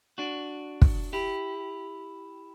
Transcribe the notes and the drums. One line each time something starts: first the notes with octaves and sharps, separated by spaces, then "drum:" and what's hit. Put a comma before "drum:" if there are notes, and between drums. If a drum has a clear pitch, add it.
D4 F#4
drum: kick
E4 G4